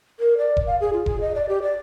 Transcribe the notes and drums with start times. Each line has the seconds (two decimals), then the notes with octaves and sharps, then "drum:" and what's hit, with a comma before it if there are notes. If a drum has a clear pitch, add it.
0.20 A#4
0.38 D5
0.57 drum: kick E1
0.67 F5
0.80 G#4
0.93 F4
1.06 G#4, drum: kick E1
1.20 D#5
1.35 D5
1.49 G4
1.62 D5